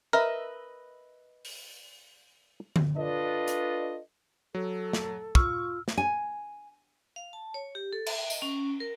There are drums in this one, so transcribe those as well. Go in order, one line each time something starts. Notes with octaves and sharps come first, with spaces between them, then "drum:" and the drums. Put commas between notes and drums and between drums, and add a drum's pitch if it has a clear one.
A#4 B4 D#5 E5
drum: open hi-hat
drum: tom D3
D4 F4 A4 B4 D5 D#5
drum: hi-hat
F#3 A4
drum: snare
F4 C#6 E6 F6, drum: kick
drum: snare
G#5
F5
A5
C#5
G4
A4
E5, drum: cymbal
D#5, drum: tambourine
C#4
A#4